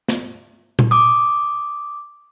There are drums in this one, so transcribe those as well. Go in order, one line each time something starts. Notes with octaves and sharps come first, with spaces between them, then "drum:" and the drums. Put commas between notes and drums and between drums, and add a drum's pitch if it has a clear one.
drum: snare
drum: tom A#2
D6 D#6